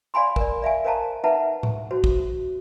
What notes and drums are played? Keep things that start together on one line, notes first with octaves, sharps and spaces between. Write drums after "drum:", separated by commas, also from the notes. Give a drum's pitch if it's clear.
D5 F5 G#5 B5 C6
A#4 D5, drum: kick
D5 E5 F5 G#5
A#4 C5 D#5 F5 A5 A#5
D#4 B4 E5 F#5 A5 A#5
drum: tom A2
F#4 C5
drum: kick